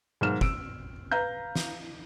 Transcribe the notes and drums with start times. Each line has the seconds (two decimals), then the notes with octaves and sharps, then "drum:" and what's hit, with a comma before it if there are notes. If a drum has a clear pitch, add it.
0.21 B1 G#2 D#3 F6 E7
0.41 E6 D7, drum: kick
1.11 B4 F5 A#5 G6
1.55 drum: snare